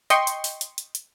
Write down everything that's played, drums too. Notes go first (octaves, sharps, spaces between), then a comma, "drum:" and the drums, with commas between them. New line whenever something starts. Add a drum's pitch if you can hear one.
D#5 G5 C6 C#6, drum: hi-hat
drum: hi-hat
drum: open hi-hat
drum: hi-hat
drum: hi-hat
drum: hi-hat